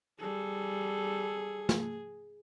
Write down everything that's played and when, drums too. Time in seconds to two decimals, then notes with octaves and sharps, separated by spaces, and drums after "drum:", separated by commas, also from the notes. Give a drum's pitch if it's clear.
0.20 G3 G#4 A4
1.69 drum: snare